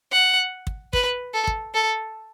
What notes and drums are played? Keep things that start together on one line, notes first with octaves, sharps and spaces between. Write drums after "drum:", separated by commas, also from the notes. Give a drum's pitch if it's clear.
F#5
drum: kick
B4, drum: kick
A4
drum: kick
A4